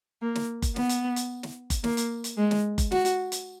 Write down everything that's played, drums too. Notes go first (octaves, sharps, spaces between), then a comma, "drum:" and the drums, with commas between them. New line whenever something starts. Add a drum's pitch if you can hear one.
A#3
drum: snare
drum: kick F#1, hi-hat
B3, drum: snare
drum: hi-hat
drum: hi-hat
drum: snare
drum: kick F#1, hi-hat
A#3, drum: snare
drum: hi-hat
drum: hi-hat
G#3
drum: snare
drum: kick F#1, hi-hat
F#4, drum: snare
drum: hi-hat
drum: hi-hat